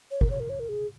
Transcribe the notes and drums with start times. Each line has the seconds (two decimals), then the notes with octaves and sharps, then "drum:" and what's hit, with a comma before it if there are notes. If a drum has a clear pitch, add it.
0.11 C#5
0.21 A#4, drum: kick
0.30 C#5
0.40 A#4
0.50 C#5
0.60 A#4
0.69 G#4